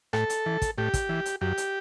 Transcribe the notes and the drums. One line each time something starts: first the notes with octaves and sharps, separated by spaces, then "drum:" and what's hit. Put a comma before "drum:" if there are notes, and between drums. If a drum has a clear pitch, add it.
A2 A4, drum: rim click
drum: hi-hat
E3
drum: kick, hi-hat
A2 G4
drum: kick, hi-hat
E3
drum: hi-hat
F#2 G4
drum: hi-hat